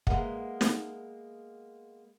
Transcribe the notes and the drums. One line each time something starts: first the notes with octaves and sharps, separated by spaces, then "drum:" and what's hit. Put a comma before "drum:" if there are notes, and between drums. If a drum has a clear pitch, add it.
G#3 A#3 B3 A#4 E5 F#5, drum: kick
drum: snare